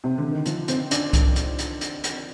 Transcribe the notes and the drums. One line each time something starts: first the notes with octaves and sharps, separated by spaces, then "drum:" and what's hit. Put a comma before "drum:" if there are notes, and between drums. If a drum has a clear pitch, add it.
C3
D3
D#3
F3, drum: hi-hat
C4, drum: hi-hat
D4, drum: hi-hat
drum: kick C2, hi-hat
drum: hi-hat
drum: hi-hat
drum: hi-hat
drum: hi-hat